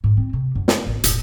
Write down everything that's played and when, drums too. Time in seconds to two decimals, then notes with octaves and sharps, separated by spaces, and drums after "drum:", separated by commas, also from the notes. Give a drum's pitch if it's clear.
0.04 G#2
0.17 C4
0.33 C3
0.55 F#2
0.68 drum: snare
0.87 A1
1.04 E1 A1, drum: hi-hat